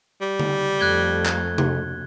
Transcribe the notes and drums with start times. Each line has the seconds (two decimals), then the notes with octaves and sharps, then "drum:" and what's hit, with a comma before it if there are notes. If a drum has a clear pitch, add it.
0.21 G3
0.40 drum: tom D3
0.79 F2 A3 F#6 G#6 G7
1.26 drum: clap
1.58 drum: tom